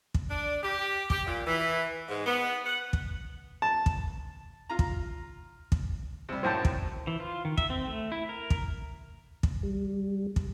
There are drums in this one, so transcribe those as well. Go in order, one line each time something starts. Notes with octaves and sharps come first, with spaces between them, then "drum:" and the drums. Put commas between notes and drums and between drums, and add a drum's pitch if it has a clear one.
drum: kick
D4
G4
G4, drum: kick
A#2
E3
G#2
B3
F#5
drum: kick
A5
drum: kick
F4 A#5
drum: kick
drum: kick
C3 G3
F#2 A2 F#3 C5 G5 A5
drum: kick
E3
F4
D#3
E5, drum: kick
C4
A3
E4
A#4
drum: kick
drum: kick
G3
drum: kick